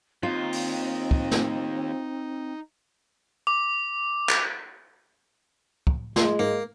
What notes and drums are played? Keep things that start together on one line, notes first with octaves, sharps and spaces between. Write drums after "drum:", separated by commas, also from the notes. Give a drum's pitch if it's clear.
D#2 C4 D#4 F4
drum: open hi-hat
drum: kick
drum: snare
D6
drum: clap
drum: kick
G#3 C6, drum: snare
G#2 A#3